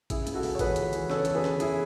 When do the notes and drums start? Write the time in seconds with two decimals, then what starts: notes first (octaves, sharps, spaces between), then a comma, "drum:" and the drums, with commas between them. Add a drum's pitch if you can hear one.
0.10 C#3 E4 G#4, drum: kick, hi-hat
0.27 C#2, drum: hi-hat
0.34 F#4 A4
0.43 C#2, drum: open hi-hat
0.55 C#5
0.59 E3 G#4 B4, drum: kick, hi-hat
0.76 E3, drum: hi-hat
0.93 E3, drum: hi-hat
1.10 C#3 A4 C#5, drum: snare
1.25 E2 A4, drum: hi-hat
1.35 G#4 B4
1.44 C#3, drum: snare
1.60 E2 E4 G#4, drum: hi-hat